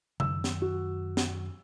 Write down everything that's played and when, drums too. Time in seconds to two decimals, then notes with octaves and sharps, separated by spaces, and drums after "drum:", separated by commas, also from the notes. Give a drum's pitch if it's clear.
0.20 F#2 D#3 F#3 E6, drum: tom C#3
0.44 drum: snare
0.62 F#4
1.17 drum: snare